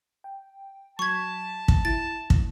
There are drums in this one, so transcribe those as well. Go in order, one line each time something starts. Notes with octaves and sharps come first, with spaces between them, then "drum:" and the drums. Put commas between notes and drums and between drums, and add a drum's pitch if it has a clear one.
G5
F#3 A5 C#6 G#6 B6
drum: kick
E4 A6
drum: kick